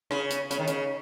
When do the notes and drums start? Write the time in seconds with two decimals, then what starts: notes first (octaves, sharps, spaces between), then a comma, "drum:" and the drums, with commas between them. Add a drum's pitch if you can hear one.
0.11 C#3, drum: rim click
0.30 drum: hi-hat
0.51 C#3, drum: hi-hat
0.59 D#3
0.67 C#3, drum: hi-hat